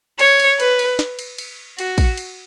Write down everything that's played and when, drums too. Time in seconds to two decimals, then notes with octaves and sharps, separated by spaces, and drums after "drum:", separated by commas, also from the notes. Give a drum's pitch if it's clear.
0.19 C#5, drum: cymbal
0.40 drum: cymbal
0.60 B4, drum: cymbal
0.79 drum: cymbal
0.99 drum: snare
1.19 drum: cymbal
1.38 drum: cymbal
1.79 F#4, drum: cymbal
1.98 drum: kick, cymbal
2.17 drum: cymbal